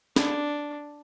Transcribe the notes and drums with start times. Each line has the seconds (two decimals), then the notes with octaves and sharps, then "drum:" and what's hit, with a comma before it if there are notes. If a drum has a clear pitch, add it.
0.16 D4, drum: snare